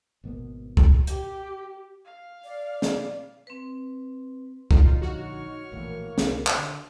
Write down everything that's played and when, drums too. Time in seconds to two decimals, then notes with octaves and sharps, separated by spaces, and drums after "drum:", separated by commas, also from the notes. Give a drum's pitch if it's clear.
0.24 G#1 B2 A#3 B3
0.77 drum: kick
1.07 G4, drum: hi-hat
2.05 F5
2.44 D5
2.82 drum: snare
3.47 C4 B4
4.71 A#1 D3 F#3 D#4 F4, drum: kick
5.02 D#4 F#4 C#5 C#6 F6
5.72 A#1 A2 E3 A#3
6.18 C2, drum: snare
6.47 drum: clap
6.56 D3